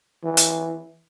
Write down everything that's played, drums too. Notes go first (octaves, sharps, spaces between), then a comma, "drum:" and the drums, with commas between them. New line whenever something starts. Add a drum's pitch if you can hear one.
E3
drum: hi-hat